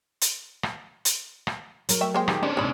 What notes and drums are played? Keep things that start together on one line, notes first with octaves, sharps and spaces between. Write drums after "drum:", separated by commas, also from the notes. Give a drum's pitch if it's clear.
drum: hi-hat
drum: rim click
drum: hi-hat
drum: rim click
F#3 A#4, drum: hi-hat
A3 E5 G5
G#3 A#3 C5 G5
D#3 G4 G#4, drum: rim click
G3 C#4 D4 C5
D#2 G#2 C3 C#5 B5 D#6